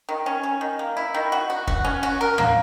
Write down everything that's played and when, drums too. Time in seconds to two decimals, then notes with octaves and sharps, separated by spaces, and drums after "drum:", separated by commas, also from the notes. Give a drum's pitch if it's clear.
0.09 D#3
0.26 C#4
0.43 C#4
0.61 D#3
0.79 A#3
0.97 E4
1.14 D#3
1.32 F#4
1.50 F#4
1.67 F#4, drum: kick
1.85 C#4
2.03 F#4
2.21 A#4
2.38 A#3, drum: tom